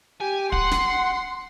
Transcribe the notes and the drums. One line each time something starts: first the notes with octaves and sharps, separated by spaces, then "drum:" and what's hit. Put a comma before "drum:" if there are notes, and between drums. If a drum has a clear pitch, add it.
G4 G#5
F#5 C6, drum: kick
drum: snare